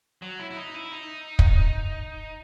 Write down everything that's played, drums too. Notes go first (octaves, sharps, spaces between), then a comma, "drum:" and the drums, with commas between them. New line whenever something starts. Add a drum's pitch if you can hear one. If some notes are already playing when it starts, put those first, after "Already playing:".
F#3
E4
E4
D#4
E4
D#4
drum: kick